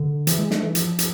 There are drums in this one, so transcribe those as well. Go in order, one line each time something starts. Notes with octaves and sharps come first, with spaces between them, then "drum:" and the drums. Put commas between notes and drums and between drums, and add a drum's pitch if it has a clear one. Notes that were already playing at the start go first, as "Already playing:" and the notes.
Already playing: D3
E3, drum: hi-hat
G#3
A3, drum: snare
E3
F3, drum: hi-hat
drum: hi-hat